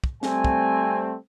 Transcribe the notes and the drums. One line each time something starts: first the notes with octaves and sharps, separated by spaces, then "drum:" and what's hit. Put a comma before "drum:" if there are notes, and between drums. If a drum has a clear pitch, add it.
drum: kick
G3 A3 C4 G#5, drum: snare
drum: kick